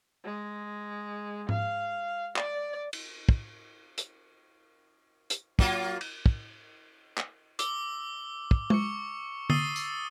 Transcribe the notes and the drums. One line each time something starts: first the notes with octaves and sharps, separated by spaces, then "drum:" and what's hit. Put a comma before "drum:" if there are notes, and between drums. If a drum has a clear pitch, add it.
G#3
F5, drum: tom G#2
D5, drum: clap
drum: cymbal
drum: kick
drum: hi-hat
drum: hi-hat
F#3 A#3 F4, drum: kick
drum: cymbal
drum: kick
drum: clap
D6 E6 G7, drum: hi-hat
drum: kick
C#6 C#7, drum: tom G#3
D#6 E6 A6 C7 D#7 G7, drum: tom D3
drum: tambourine